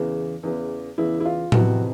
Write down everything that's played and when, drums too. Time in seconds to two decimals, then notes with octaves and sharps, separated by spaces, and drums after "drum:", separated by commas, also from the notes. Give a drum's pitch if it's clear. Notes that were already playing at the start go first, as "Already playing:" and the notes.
Already playing: E2 C#3 E3
0.43 E2 C#3 E3
0.98 E2 C#3 E3 E4
1.20 E4
1.25 F4
1.52 F2 C3 E3 F#4, drum: tom A2